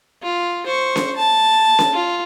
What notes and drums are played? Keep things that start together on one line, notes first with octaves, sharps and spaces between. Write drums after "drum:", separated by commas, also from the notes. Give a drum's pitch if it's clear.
F4
C5 C#6
drum: snare C#4
A5
drum: snare C#4
F4